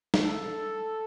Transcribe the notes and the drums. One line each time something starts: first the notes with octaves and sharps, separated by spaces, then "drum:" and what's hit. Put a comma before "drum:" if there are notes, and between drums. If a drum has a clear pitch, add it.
drum: snare
A4